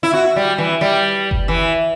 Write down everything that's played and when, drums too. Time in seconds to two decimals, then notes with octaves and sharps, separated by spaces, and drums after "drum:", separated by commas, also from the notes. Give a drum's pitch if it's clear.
0.03 E4
0.13 F#4
0.36 G3
0.58 E3
0.81 G3
1.31 drum: kick F#1
1.48 E3